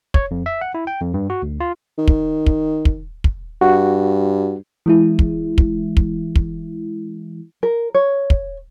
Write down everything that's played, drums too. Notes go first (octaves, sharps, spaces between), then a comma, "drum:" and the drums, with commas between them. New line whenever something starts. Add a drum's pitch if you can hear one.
C#5, drum: kick
F2
E5
F#5
E4
G5
F2
G2
F#4
D2
F4
D#3
drum: kick
drum: kick
drum: kick
drum: kick
G2 F#4
E3 G#3 E4
drum: kick
drum: kick
drum: kick
drum: kick
A#4
C#5
drum: kick